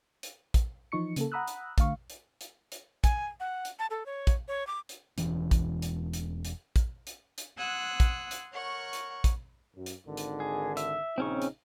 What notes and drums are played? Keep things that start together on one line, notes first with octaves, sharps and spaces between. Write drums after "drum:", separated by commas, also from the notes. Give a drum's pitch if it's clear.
drum: hi-hat
drum: kick, hi-hat
E3 F3 D#4 C#6 C#7
C#3 A#3 A4, drum: hi-hat
F#5 A#5 B5 D#6 E6 F#6
drum: hi-hat
D3 A3 F5 C#6, drum: kick, hi-hat
drum: hi-hat
drum: hi-hat
drum: hi-hat
G#5, drum: kick, hi-hat
F#5
drum: hi-hat
A5
A4
C#5
drum: kick, hi-hat
C#5
D6
drum: hi-hat
E1 E3 C#4, drum: hi-hat
drum: kick, hi-hat
drum: hi-hat
drum: hi-hat
drum: hi-hat
drum: kick, hi-hat
drum: hi-hat
drum: hi-hat
F#5 C6 D#6 E6 F#6 G#6
drum: kick, hi-hat
drum: hi-hat
A#4 C#5 F#5 C#6
drum: hi-hat
drum: kick, hi-hat
F#2
drum: hi-hat
G#1 D3 D#3
drum: hi-hat
G#4
E5, drum: hi-hat
A#1 C#3 C4 C#4 D#4 C#6
drum: hi-hat